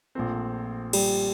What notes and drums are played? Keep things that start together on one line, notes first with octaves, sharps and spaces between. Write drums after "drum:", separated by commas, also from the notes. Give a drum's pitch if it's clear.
A#1 A#2 F3 A3 C4
G3, drum: cymbal